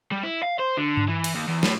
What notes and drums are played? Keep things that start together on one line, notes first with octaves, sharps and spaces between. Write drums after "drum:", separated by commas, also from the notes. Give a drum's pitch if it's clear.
G3
E4
F5
C5
D3
drum: tom G2
E3
drum: cymbal
D#2
E2
A2, drum: snare